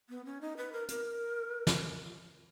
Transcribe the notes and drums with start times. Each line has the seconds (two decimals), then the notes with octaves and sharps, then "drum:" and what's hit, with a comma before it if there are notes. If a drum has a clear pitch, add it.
0.10 B3
0.25 C#4
0.41 D#4
0.57 B4
0.72 A#4
0.88 A#4, drum: hi-hat
1.67 drum: snare